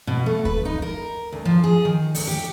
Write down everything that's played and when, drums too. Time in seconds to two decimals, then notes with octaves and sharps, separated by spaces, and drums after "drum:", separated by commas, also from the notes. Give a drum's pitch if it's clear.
0.07 B2
0.26 A3
0.45 B4, drum: kick D2
0.65 D#4
0.82 A#4
1.32 D2
1.45 F3
1.64 G#4
1.85 D#3
2.15 D2, drum: open hi-hat
2.27 G4